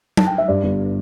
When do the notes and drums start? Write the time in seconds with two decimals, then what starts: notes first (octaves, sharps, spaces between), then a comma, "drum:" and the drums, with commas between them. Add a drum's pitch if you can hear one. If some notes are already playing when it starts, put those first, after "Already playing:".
0.17 A5, drum: tom F#3
0.27 G5
0.38 E5
0.48 G2 D5
0.64 G1